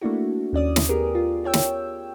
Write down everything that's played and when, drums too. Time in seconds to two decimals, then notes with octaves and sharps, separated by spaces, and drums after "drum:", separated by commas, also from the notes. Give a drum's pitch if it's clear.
0.01 A3 A#3 D4 E4 F#4
0.53 D#2 C#4 D5 D#6
0.76 drum: snare
0.89 B3 G4 G#4 A#4
1.15 F4
1.44 F4 C#5 G5 E6
1.54 drum: snare